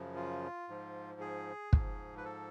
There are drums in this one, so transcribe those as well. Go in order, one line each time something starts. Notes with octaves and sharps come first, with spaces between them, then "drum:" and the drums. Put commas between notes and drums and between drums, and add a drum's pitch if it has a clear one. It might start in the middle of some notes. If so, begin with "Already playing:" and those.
Already playing: F#2 C#3 F3
F4
G#2 F3
G#4
G#2 F3, drum: kick
B4
A4